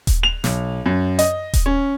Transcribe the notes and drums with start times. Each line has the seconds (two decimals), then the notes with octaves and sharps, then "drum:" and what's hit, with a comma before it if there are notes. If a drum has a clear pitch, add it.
0.07 drum: kick D#1, hi-hat
0.23 F7
0.44 B1, drum: snare
0.86 F#2
1.19 D#5, drum: hi-hat
1.53 drum: kick D#1, hi-hat
1.66 C#4